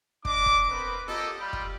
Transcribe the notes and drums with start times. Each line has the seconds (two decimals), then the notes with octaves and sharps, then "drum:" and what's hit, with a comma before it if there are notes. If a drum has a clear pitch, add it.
0.25 D4 D#5 D6, drum: kick
0.46 drum: kick
0.68 B3 C4 A#4 B4
1.08 A#3 G4 A4 A#4 D#5, drum: snare F4
1.39 G3 F4 G4 B5
1.53 drum: kick